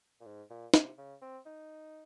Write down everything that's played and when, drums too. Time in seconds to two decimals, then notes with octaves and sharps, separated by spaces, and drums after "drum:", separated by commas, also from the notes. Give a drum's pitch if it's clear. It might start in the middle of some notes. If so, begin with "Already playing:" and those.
0.20 A#2
0.26 G#2
0.50 A#2
0.74 C3, drum: snare
0.98 C#3
1.21 C4
1.45 D#4